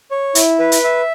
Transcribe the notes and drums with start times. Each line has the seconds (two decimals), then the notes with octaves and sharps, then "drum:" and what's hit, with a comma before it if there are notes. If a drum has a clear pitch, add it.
0.11 C#5
0.35 E4, drum: hi-hat
0.59 B4
0.72 drum: hi-hat
0.84 E5